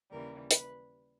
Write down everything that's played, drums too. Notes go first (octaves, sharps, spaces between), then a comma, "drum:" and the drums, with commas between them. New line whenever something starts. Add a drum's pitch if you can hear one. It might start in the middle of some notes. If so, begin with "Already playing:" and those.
D#2 C#3 E3 G3 A#4
B4, drum: hi-hat